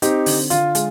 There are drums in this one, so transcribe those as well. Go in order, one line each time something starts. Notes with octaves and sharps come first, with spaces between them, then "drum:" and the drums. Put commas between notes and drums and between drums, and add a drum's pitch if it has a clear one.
C4 D#4 G4, drum: hi-hat
D3, drum: open hi-hat
D3 F4, drum: hi-hat
G#3, drum: hi-hat